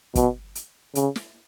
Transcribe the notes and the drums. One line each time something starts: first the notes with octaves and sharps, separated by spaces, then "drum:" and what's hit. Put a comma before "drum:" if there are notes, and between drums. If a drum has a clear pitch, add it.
B2, drum: kick, hi-hat
drum: hi-hat
C#3, drum: hi-hat
drum: snare